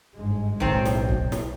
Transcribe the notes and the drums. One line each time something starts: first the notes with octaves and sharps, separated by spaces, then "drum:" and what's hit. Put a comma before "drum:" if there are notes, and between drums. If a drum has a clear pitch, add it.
G1 G#2 G#3
B1 A2 D#3 C4, drum: kick
drum: snare
drum: kick
drum: snare